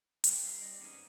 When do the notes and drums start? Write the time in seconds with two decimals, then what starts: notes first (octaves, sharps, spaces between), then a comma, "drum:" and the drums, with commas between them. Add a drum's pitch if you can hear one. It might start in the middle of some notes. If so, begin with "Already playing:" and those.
0.24 G3 G4 A#4, drum: hi-hat
0.43 C4 E5 F5
0.61 D#4 D5 A#6
0.80 G#2 A#3 B3 C#4 G#4 F6